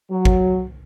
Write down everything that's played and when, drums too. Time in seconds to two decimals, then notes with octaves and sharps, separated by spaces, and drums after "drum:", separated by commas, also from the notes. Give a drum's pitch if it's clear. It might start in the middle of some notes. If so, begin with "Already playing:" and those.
0.10 F#3
0.25 drum: kick G#1